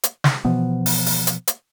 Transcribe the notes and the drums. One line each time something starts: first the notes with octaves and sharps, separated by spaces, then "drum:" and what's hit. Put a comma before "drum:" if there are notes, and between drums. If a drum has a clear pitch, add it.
drum: hi-hat
drum: snare
B2 E3 F3 B3
drum: open hi-hat
drum: open hi-hat
drum: hi-hat
drum: hi-hat